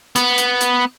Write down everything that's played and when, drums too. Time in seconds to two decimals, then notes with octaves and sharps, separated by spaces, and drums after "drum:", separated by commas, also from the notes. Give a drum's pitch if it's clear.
0.16 B3, drum: hi-hat
0.38 drum: hi-hat
0.61 drum: hi-hat